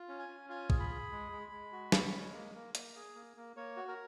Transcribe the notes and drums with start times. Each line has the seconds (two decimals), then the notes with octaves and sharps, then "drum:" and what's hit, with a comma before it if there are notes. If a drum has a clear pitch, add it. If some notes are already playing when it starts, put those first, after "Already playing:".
Already playing: F4
0.08 C#4
0.19 G#5
0.29 C#4
0.49 F4 G#5
0.70 G#4, drum: kick
0.80 B5
0.90 G#4
1.12 G#3
1.32 G#3
1.52 G#3
1.72 F#4
1.92 C#4, drum: snare
2.14 G#3
2.33 A#3
2.54 A#3
2.75 A#3, drum: hi-hat
2.96 G#4
3.15 A#3
3.37 A#3
3.57 A#3 C#5
3.77 F#4
3.88 A#4